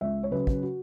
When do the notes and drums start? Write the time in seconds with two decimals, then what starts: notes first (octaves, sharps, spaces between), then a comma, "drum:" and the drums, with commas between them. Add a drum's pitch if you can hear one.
0.01 C#2 E5
0.23 C#5
0.31 C#3 F#3 B4
0.47 drum: kick
0.62 F#4